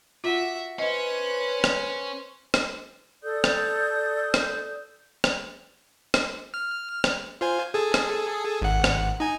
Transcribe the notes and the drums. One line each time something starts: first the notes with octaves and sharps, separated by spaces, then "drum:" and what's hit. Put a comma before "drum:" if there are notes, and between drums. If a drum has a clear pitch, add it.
F4 F#4 E5
C#4 B4 C5 D#5 F#6
drum: rim click
drum: rim click
A4 D5 D#6 G6
drum: rim click
drum: rim click
drum: rim click
drum: rim click
F6
drum: rim click
F4 C5 G#5
G#4 A4
drum: rim click
G#1 F#5
drum: rim click
D#4 G#5